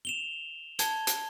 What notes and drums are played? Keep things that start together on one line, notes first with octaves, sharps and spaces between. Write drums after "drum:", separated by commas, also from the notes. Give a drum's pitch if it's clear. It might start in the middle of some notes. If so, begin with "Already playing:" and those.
E7 F7 G7
A5 G#6 G7, drum: hi-hat
drum: hi-hat